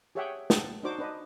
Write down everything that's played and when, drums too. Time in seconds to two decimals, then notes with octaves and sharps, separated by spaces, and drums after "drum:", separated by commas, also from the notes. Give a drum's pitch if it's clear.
0.15 G4 G#4 C#5 E5 F#5 G5
0.50 F#5 G5 A5, drum: snare
0.83 D4 D#4 F#4 C5 D6
0.99 D4 B4 D#5